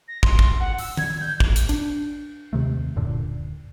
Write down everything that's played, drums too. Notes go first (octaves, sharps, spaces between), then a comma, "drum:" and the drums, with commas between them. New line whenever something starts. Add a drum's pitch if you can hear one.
A#6
C6, drum: kick
drum: kick
F#5
E6, drum: open hi-hat
G#6, drum: tom
G6
drum: kick
drum: hi-hat
D4, drum: cymbal
D#2 C3 D#3 A3
D1 F#2 A#2 D3